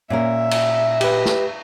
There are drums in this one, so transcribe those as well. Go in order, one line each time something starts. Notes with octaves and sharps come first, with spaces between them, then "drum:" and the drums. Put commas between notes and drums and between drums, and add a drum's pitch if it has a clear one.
A#2 C#4 A#4 E5
drum: cymbal
G4 B4, drum: cymbal
drum: snare